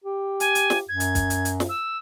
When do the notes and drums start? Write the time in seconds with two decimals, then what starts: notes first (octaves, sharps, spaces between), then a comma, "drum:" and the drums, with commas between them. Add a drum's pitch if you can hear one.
0.04 G4
0.40 G#5, drum: hi-hat
0.55 drum: hi-hat
0.70 drum: snare
0.89 F#2 G#6
1.00 drum: hi-hat
1.15 drum: kick, hi-hat
1.30 drum: hi-hat
1.45 drum: hi-hat
1.60 drum: snare
1.69 E6